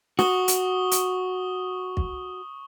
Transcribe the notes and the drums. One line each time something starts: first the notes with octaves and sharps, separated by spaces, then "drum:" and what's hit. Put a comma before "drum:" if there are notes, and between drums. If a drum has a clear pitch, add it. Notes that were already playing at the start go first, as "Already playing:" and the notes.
F#4 C#6 D#6 G7, drum: snare
drum: hi-hat
drum: hi-hat
drum: kick